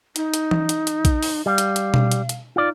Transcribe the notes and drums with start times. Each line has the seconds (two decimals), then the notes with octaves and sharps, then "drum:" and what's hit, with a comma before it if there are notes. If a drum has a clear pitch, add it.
0.16 D#4, drum: hi-hat
0.34 drum: hi-hat
0.51 drum: tom E3
0.69 drum: hi-hat
0.87 drum: hi-hat
1.05 drum: kick A#1, hi-hat
1.23 drum: open hi-hat
1.46 G3 F5
1.58 drum: hi-hat
1.76 drum: hi-hat
1.94 drum: tom B2
2.12 drum: hi-hat
2.29 drum: hi-hat
2.56 D#4 F4 D5